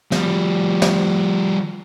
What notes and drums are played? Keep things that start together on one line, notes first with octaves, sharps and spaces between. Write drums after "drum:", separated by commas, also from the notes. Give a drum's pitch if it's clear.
F3 G3, drum: snare
drum: snare